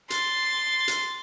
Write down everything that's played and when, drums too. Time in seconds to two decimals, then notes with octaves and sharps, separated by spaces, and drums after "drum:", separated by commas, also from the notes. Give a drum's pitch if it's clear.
0.10 C6 A6, drum: hi-hat
0.88 drum: hi-hat